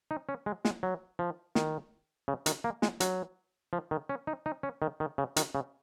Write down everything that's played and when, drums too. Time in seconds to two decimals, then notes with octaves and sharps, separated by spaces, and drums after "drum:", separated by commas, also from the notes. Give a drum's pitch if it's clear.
0.11 D#4
0.29 C#4
0.46 G#3
0.65 G#3, drum: snare
0.83 F#3
1.19 F3
1.55 D#3, drum: snare
2.28 C#3
2.46 D#3, drum: hi-hat
2.64 A#3
2.82 G#3, drum: snare
3.00 F#3, drum: hi-hat
3.73 F3
3.91 D#3
4.09 C#4
4.27 D#4
4.46 D#4
4.63 C#4
4.82 D#3
5.00 D#3
5.18 C#3
5.36 D#3, drum: hi-hat
5.55 C#3